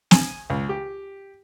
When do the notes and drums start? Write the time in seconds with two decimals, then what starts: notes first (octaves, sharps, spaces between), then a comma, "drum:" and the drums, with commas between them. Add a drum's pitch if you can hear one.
0.11 G#5, drum: snare
0.50 C#2
0.69 G4